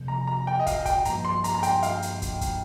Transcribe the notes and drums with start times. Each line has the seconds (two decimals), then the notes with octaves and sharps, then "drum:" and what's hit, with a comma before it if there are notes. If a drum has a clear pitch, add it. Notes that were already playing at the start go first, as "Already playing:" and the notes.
Already playing: C3 F3 A#3
0.08 A#5
0.27 A#5
0.47 G5
0.59 D#5
0.67 F5, drum: kick, hi-hat
0.85 G5, drum: kick, hi-hat
1.05 G2 F3 A#3 A#5, drum: hi-hat
1.25 C6
1.44 A#5, drum: hi-hat
1.55 A#5
1.63 G5, drum: hi-hat
1.83 F5, drum: hi-hat
2.02 drum: hi-hat
2.22 drum: kick, hi-hat
2.41 drum: kick, hi-hat